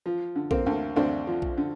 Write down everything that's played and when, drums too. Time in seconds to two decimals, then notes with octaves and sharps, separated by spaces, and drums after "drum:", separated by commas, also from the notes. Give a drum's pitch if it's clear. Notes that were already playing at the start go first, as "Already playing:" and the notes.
0.06 F3
0.36 D3
0.51 A#3 C4, drum: kick A#1
0.66 D2
0.96 D2 C4 D4
1.27 F3
1.42 drum: kick A#1
1.58 D3